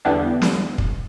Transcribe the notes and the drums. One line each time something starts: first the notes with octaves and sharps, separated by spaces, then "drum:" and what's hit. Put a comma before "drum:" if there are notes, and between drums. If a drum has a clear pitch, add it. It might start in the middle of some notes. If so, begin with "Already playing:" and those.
E2 D3 G3 B3 D4
drum: snare
drum: kick